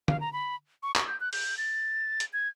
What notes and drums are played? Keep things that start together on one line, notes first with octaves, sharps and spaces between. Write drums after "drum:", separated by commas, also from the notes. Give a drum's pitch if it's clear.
F5, drum: tom
A#5
B5
C#6
C#6, drum: clap
G6
F#6
G6, drum: open hi-hat
A6
drum: hi-hat
G#6